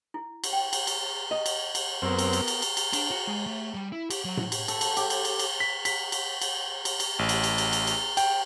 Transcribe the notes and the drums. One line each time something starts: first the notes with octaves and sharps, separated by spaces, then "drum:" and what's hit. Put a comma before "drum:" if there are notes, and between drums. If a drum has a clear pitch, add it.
E4
drum: cymbal
G5
drum: cymbal
drum: cymbal
D#5
drum: cymbal
drum: cymbal
F#2 B3 C4 A#4
drum: cymbal
drum: cymbal
drum: cymbal
drum: cymbal
drum: cymbal
D4, drum: cymbal
F#4
G#3
A3
G3
E4
G4, drum: cymbal
F#3
drum: tom A2
drum: cymbal
A4, drum: cymbal
drum: cymbal
G4, drum: cymbal
drum: cymbal
drum: cymbal
drum: cymbal
B6
B6, drum: cymbal
drum: cymbal
drum: cymbal
drum: cymbal
drum: cymbal
A1
drum: cymbal
drum: cymbal
drum: cymbal
drum: cymbal
drum: cymbal
G5, drum: cymbal